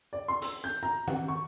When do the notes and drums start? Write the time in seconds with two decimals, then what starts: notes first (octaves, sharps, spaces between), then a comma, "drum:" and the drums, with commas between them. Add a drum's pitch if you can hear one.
0.13 D5
0.28 C6
0.42 E6, drum: hi-hat
0.64 G6
0.83 A#5
1.08 F#5, drum: tom
1.28 C#6